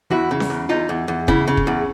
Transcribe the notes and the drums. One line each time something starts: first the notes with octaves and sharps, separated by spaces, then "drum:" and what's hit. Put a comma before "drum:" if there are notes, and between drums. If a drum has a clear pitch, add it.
E2 E4 F#4
C#3
drum: snare C#4
E2
E2 D#4 F4
E2
E2
C#3 E4, drum: kick
C#3
drum: kick
E2